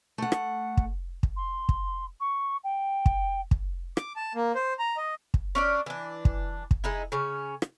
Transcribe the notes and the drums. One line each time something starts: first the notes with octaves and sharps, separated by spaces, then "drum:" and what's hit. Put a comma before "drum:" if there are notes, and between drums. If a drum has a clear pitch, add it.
A3 F#5
drum: rim click
drum: kick
drum: kick
C6
drum: kick
C#6
G5
drum: kick
drum: kick
D6, drum: rim click
A5
A#3
C5
A#5
D#5
drum: kick
C#4 D4 D5
E3 D4
drum: kick
drum: kick
G#3 D#4 E4
C#3 C#4
drum: rim click